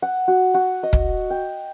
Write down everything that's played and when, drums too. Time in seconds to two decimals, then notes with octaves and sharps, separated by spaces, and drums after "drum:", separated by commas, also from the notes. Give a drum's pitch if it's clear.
0.02 F#5
0.28 F#4
0.54 F#4
0.83 D#5
0.93 drum: kick
1.30 G5